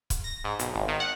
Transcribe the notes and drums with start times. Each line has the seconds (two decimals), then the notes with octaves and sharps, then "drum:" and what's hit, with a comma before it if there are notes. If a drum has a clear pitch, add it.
0.10 drum: kick, hi-hat
0.24 A#6
0.44 G#2
0.59 B1, drum: hi-hat
0.74 G#1
0.88 D#3
1.00 F#5